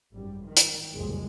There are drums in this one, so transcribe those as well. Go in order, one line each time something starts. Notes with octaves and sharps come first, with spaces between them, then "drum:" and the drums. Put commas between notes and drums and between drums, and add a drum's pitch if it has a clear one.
G#1 F#2 G3
D#3
drum: hi-hat
F#1 C2 F2 A#2 G#3